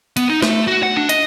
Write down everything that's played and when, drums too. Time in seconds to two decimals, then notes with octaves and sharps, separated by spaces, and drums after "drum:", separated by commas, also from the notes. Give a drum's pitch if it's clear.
0.17 B3, drum: hi-hat
0.30 D#4
0.42 A3, drum: snare
0.67 F#4
0.83 F#5
0.96 D4
1.09 D#5, drum: hi-hat